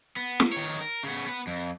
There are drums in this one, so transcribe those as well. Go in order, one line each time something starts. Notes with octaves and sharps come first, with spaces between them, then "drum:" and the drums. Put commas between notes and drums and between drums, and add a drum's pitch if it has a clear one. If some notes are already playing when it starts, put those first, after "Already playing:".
B3
drum: snare
D#3 C#5
A#4
C#3 B3
B3 B4
F2